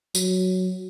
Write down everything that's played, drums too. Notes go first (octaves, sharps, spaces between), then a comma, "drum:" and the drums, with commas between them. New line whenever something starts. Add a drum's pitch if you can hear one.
F#3, drum: tambourine